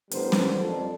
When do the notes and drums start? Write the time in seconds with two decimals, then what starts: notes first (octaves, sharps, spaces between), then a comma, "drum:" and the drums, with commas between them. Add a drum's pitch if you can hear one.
0.11 A1 D3 G3 B3 A#4 C5, drum: hi-hat
0.32 drum: snare
0.58 F2 D4 A4